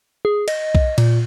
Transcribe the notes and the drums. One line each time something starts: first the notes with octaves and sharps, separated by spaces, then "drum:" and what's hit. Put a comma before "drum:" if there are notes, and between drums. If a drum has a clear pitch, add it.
G#4
D#5, drum: cymbal
drum: kick B1
A#2, drum: cymbal